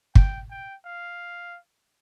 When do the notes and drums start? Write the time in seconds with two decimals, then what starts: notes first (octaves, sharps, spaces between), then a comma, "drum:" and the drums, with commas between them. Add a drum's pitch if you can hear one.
0.15 G5, drum: kick
0.50 G5
0.85 F5